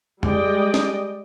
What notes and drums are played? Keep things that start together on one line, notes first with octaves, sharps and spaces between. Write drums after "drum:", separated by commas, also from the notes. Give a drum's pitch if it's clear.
G3 G#3 D5 D#5 G5, drum: tom F2
drum: snare